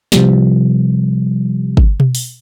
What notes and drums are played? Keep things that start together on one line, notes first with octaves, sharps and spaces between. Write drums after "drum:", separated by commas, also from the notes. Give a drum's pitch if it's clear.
C3 F3 G3, drum: snare
drum: kick
drum: tom B2
drum: open hi-hat